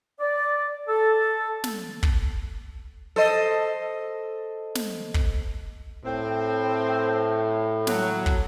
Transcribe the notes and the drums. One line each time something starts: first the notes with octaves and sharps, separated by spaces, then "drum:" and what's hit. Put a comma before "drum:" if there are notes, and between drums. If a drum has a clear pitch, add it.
D5
A4
drum: snare
drum: kick
A4 C5 D#5
drum: snare
drum: kick
A2 C4
F#3, drum: snare
drum: kick